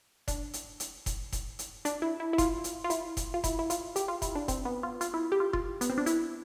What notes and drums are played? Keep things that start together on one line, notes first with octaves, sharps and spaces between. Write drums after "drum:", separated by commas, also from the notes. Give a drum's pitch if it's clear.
D4, drum: kick F1, hi-hat
drum: hi-hat
drum: hi-hat
drum: kick F1, hi-hat
drum: kick F1, hi-hat
drum: hi-hat
D4, drum: hi-hat
E4
E4
E4
F4, drum: kick F1, hi-hat
drum: hi-hat
F4
E4, drum: hi-hat
drum: kick F1, hi-hat
F4
E4, drum: kick F1, hi-hat
E4
F4, drum: hi-hat
G4, drum: hi-hat
F4
E4, drum: kick F1, hi-hat
D4
C4, drum: kick F1, hi-hat
B3
F4
F4, drum: hi-hat
E4
G4
F4
F4, drum: kick F1
B3, drum: hi-hat
C4
D4
E4, drum: hi-hat